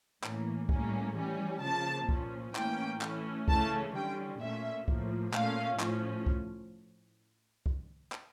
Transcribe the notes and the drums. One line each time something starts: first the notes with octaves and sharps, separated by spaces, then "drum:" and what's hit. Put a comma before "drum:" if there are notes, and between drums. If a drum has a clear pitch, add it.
A2 E3 A#3 C#4, drum: clap
A2 G3 A#3 C#4, drum: kick C2
E3 G3 C#4
C#3 F3 A#3 A5
A#2 F3 C#4, drum: kick C2
A2 E3 A#3 C#4 G5, drum: clap
E3 A3 C#4, drum: clap
C#3 E3 A3 C#4 A5, drum: kick C2
D3 G3 C#4 G5
A#2 A3 C#4 E5
A2 F3 A#3, drum: kick C2
A#2 A3 C#4 F5, drum: clap
A2 F3 C#4, drum: clap
drum: kick C2
drum: kick C2
drum: clap